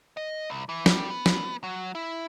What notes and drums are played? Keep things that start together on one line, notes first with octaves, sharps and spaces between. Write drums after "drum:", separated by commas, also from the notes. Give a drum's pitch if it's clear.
D#5
C2
E3
G3, drum: snare
B3
drum: snare
F#3
E4